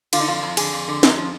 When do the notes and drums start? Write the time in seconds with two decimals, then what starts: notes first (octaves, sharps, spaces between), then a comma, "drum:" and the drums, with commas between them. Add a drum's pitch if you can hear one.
0.13 D3 F4, drum: cymbal
0.21 D#4
0.28 F2 F4
0.42 F2
0.57 D3 G#4, drum: cymbal
0.73 F2
0.88 D3
1.03 F2, drum: snare
1.18 F3